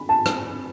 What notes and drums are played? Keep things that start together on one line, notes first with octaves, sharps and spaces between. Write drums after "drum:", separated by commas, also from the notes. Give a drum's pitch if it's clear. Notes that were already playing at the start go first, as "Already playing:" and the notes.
Already playing: B5
A5
drum: rim click